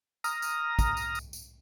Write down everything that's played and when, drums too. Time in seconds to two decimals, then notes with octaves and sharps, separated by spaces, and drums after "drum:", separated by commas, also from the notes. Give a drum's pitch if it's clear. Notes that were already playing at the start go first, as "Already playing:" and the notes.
0.24 A#5 D#6 F6 A#6, drum: tambourine
0.42 drum: tambourine
0.79 drum: kick, tambourine
0.97 drum: tambourine
1.15 drum: tambourine
1.33 drum: tambourine